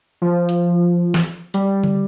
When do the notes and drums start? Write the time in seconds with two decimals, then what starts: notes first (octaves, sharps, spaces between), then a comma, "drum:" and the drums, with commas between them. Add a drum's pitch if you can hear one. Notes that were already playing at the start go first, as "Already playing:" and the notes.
0.22 F3
0.49 drum: hi-hat
1.14 drum: snare
1.54 G3, drum: hi-hat
1.84 drum: tom D3